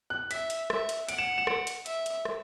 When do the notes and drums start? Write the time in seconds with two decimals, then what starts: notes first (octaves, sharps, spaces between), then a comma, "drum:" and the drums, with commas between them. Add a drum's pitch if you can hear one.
0.10 F#6
0.31 E5 B6, drum: hi-hat
0.50 drum: hi-hat
0.70 E5, drum: rim click
0.89 drum: hi-hat
1.08 F#5 D7, drum: hi-hat
1.18 E7
1.38 E7
1.47 D7, drum: rim click
1.67 drum: hi-hat
1.86 E5, drum: hi-hat
2.06 drum: hi-hat
2.25 drum: rim click